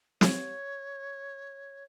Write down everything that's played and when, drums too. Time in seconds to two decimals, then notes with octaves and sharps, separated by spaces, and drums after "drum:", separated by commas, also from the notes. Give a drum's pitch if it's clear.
0.21 C#5, drum: snare